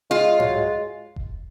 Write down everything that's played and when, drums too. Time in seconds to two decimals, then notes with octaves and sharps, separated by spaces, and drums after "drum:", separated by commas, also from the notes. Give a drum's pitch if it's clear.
0.10 G#3 F4
0.40 F#3, drum: tom G#2
0.56 G#3
1.16 drum: kick F1